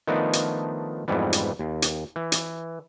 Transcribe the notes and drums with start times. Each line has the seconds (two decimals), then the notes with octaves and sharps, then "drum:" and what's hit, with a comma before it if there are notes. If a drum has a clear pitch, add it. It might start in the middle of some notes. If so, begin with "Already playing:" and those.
0.07 D#3 F3 A3 B3 D4 D#4
0.33 drum: hi-hat
1.08 F2 G#2 E3 G3 B3
1.33 drum: hi-hat
1.59 D#2
1.82 drum: hi-hat
2.16 E3
2.32 drum: hi-hat